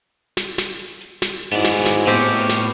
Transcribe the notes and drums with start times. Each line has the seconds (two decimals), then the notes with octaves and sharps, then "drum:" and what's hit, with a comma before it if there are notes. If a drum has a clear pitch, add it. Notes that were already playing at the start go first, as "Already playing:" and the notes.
0.37 drum: snare
0.58 drum: snare
0.79 drum: hi-hat
1.01 drum: hi-hat
1.22 drum: snare
1.53 G#2 B3 E4 F#4 C#5 D5
1.64 drum: snare
1.86 drum: snare
2.07 A2 B3 C4 G4 C#6 F6, drum: hi-hat
2.28 drum: hi-hat
2.49 drum: snare